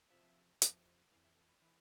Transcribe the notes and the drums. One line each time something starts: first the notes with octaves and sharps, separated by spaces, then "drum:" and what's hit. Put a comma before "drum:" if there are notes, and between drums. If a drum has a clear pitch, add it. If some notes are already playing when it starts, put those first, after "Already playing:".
F2 C3 F3 E5
F2 C3 F3, drum: hi-hat
F2 E3 F5
E5
A4
B4
E3 B4